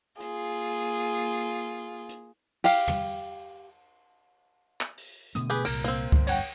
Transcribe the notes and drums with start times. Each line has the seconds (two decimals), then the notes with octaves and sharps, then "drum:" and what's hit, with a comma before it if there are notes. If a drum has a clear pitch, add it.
0.20 A#3 F4 G#4, drum: hi-hat
2.09 drum: hi-hat
2.64 G4 F5, drum: cymbal
2.88 drum: tom
4.81 drum: clap
4.98 drum: open hi-hat
5.35 B2 D3 A3 D#6, drum: hi-hat
5.50 G4 G#4 B4
5.65 C2 A#2 A#4, drum: cymbal
5.84 A#3 C4
6.12 G1 F2 D3, drum: kick C#2
6.27 C#5 F#5 G5, drum: cymbal